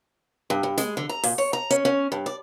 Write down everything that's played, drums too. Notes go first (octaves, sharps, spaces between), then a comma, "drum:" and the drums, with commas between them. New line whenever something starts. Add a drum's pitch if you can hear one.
G2
G2
G#3, drum: snare
D3
A#5
A#2, drum: open hi-hat
C#5
A#5
C#4, drum: hi-hat
C#4
G2
D5